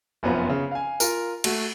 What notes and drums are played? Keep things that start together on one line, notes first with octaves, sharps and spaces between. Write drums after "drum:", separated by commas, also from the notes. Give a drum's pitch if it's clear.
F1 F#2 B3 C4 F4 B5
C#3
F5 G#5
F4 A#4, drum: tambourine
A3 F#4, drum: cymbal